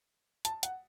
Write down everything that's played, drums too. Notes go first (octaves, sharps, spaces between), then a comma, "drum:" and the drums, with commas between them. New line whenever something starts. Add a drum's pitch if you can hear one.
A5, drum: hi-hat
F#5, drum: hi-hat